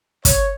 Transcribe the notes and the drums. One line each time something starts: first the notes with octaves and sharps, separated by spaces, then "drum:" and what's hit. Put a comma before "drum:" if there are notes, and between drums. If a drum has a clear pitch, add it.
C#5, drum: kick, hi-hat